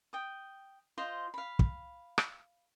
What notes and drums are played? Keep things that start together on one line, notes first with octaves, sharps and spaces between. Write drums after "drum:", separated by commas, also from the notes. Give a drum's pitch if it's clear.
G5 D#6
F4 C5 D#5
F5 B5
drum: kick
drum: rim click